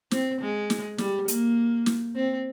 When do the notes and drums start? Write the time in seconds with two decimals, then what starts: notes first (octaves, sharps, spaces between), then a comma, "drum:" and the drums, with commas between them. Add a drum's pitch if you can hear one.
0.11 C4, drum: snare
0.41 G#3
0.70 drum: snare
0.98 G3, drum: snare
1.28 A#3, drum: hi-hat
1.86 drum: snare
2.16 C4